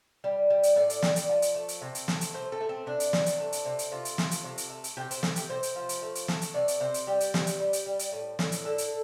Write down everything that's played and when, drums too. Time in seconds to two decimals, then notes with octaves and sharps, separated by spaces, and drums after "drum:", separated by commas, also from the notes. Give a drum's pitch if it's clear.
0.24 G3
0.50 G3
0.63 drum: hi-hat
0.76 A2 D5
0.90 drum: hi-hat
1.02 G3, drum: snare
1.16 drum: hi-hat
1.29 F3
1.42 drum: hi-hat
1.55 A3
1.68 drum: hi-hat
1.81 C3
1.95 drum: hi-hat
2.08 A3, drum: snare
2.21 drum: hi-hat
2.34 C3 C5
2.52 A4
2.61 A3
2.69 C4
2.86 C3 D4
3.00 drum: hi-hat
3.13 C3, drum: snare
3.26 drum: hi-hat
3.40 A3
3.52 drum: hi-hat
3.65 C3
3.79 drum: hi-hat
3.92 C3 F4
4.05 drum: hi-hat
4.18 A3, drum: snare
4.31 drum: hi-hat
4.44 C3
4.58 drum: hi-hat
4.70 A3
4.84 drum: hi-hat
4.97 C3 G4
5.11 C5, drum: hi-hat
5.23 C3 A4, drum: snare
5.36 G4, drum: hi-hat
5.50 C3 C5
5.63 drum: hi-hat
5.76 F3
5.89 drum: hi-hat
6.02 A3
6.15 drum: hi-hat
6.28 A3, drum: snare
6.42 drum: hi-hat
6.54 C3 D5
6.68 drum: hi-hat
6.80 C3 C5
6.94 drum: hi-hat
7.07 G3 G4
7.20 drum: hi-hat
7.34 C3, drum: snare
7.47 drum: hi-hat
7.60 G3
7.73 drum: hi-hat
7.86 G3
7.99 drum: hi-hat
8.12 A2
8.39 A2, drum: snare
8.52 drum: hi-hat
8.65 D3 A4
8.78 drum: hi-hat